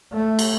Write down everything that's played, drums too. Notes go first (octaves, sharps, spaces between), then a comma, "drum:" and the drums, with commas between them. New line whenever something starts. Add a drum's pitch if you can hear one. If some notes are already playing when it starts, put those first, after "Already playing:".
A3
drum: cymbal